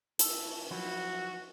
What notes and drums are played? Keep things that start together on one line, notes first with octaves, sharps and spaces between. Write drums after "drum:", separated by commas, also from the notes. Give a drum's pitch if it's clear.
A4, drum: hi-hat
F3 F#3 E4 F#4